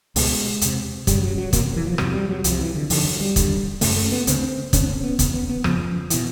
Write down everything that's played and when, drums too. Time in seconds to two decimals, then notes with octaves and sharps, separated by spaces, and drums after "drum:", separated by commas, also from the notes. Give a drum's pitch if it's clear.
0.16 C#2 B2 G#3, drum: open hi-hat
0.61 E2 C3, drum: hi-hat
1.07 F#2 C#3 G3, drum: kick, hi-hat
1.22 F#3
1.38 F#3
1.53 E2 C3 A#3, drum: kick, hi-hat
1.76 E3
1.87 F3
1.98 F2 C3 F#3, drum: rim click
2.14 G3
2.29 F#3
2.44 C2 C3 F3, drum: hi-hat
2.59 E3
2.75 D3
2.90 F2 D3 D#3, drum: open hi-hat
3.05 F#3
3.20 G3
3.36 D#2 D3, drum: kick, hi-hat
3.81 F#2 C#3 A3, drum: open hi-hat
3.96 A3
4.11 B3
4.27 D2 C#3 C4, drum: hi-hat
4.73 D2 D3 C#4, drum: kick, hi-hat
4.82 C4
4.88 C#4
5.03 B3
5.19 E2 C#3, drum: kick, hi-hat
5.34 B3
5.49 B3
5.64 F2 C#3 F3, drum: rim click
6.10 B2 E3, drum: hi-hat